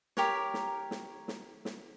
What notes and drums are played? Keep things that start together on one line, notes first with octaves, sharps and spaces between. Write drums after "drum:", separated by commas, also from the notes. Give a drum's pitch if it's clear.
G4 A#4 C#5, drum: snare
drum: snare
drum: snare
drum: snare
drum: snare